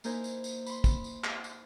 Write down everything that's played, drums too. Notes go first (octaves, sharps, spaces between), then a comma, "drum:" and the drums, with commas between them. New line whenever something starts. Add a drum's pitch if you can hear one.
A#3 D#4 E4 A#4 C5 G#5, drum: tambourine
drum: tambourine
drum: tambourine
B5 C6, drum: tambourine
drum: kick, tambourine
drum: tambourine
drum: clap
drum: tambourine